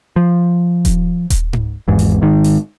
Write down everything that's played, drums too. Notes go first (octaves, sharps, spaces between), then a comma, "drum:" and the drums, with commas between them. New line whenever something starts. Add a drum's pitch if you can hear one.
F3
drum: kick D#1, hi-hat
drum: kick D#1, hi-hat
drum: tom G#2
G#1 E2 G#2
drum: open hi-hat
G#1 G#2 D#3
drum: open hi-hat